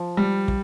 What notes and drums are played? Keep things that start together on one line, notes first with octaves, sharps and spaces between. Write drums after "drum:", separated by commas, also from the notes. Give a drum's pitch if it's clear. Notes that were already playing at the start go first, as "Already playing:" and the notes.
Already playing: F3
G3
drum: kick